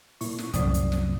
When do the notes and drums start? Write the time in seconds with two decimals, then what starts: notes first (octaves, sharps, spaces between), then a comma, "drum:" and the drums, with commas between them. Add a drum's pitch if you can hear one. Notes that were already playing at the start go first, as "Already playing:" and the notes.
0.21 A#2 E4 C#6, drum: open hi-hat
0.38 drum: snare
0.53 C2 F#2 A2 F3 D5 D#6, drum: hi-hat
0.74 drum: hi-hat
0.92 drum: snare